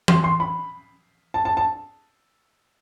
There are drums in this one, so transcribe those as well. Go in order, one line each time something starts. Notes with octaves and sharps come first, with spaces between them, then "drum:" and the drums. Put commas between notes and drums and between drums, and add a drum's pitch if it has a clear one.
C6, drum: tom E3
C6
B5
A5
A5
A5